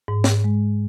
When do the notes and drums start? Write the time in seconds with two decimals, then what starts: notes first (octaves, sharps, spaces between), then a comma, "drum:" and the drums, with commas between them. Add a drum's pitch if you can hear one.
0.08 G#2
0.24 drum: snare
0.44 G#3